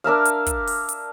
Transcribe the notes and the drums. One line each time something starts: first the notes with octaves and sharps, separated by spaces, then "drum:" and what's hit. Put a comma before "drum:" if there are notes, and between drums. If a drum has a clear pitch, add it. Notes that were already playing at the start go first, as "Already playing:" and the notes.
D4 A#4 E5 F5
drum: hi-hat
drum: kick, hi-hat
drum: open hi-hat
drum: hi-hat